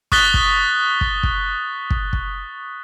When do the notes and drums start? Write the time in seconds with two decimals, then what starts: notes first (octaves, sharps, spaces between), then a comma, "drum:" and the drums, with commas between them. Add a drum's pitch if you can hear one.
0.12 C#6 D#6 F#6 A6 B6 G7, drum: kick
0.34 drum: kick
1.01 drum: kick
1.23 drum: kick
1.91 drum: kick
2.13 drum: kick